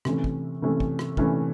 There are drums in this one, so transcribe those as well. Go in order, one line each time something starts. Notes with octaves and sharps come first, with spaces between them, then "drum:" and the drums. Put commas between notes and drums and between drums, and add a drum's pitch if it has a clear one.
C3 E3 A3 C#4, drum: rim click
drum: kick
C3 E3 A3 C#4
drum: kick
drum: rim click
C3 E3 A3 C#4, drum: kick